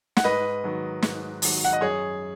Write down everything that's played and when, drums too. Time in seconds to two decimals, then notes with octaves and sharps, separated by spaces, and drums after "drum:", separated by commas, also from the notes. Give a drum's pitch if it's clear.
0.17 F#5, drum: snare
0.24 G#2 B4 D#5
0.64 D#3 F#3
1.02 G#2, drum: snare
1.42 D#3 F#3, drum: open hi-hat
1.65 F#5
1.73 D#5
1.81 F#2 G#4 C#5